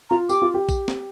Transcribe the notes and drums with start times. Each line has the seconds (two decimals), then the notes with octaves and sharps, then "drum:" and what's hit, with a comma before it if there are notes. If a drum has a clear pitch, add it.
0.10 F4 A#5
0.29 G4 D6, drum: tambourine
0.42 F4
0.54 G4
0.69 drum: kick A#1, tambourine
0.88 drum: snare